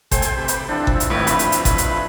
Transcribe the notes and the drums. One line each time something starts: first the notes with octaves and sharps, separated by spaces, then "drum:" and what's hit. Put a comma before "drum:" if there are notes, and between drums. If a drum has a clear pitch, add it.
A3 A4 C5 G5 G#5, drum: kick G1, hi-hat
drum: hi-hat
C3 G4 B4
drum: hi-hat
E3 F3 C4 D4
drum: kick G1
drum: hi-hat
G#1 A2 B4
F2 A3 B5, drum: hi-hat
drum: hi-hat
drum: hi-hat
B4, drum: kick G1, hi-hat
drum: hi-hat